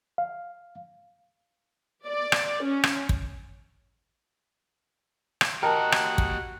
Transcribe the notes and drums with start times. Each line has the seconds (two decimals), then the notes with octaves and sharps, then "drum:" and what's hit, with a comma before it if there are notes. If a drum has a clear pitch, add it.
0.18 F5
2.06 D5
2.32 drum: rim click
2.65 C#4
2.84 drum: rim click
3.09 drum: kick
5.41 drum: rim click
5.63 F#4 G4 A#4 D#5 G5 A5
5.92 drum: rim click
6.18 drum: kick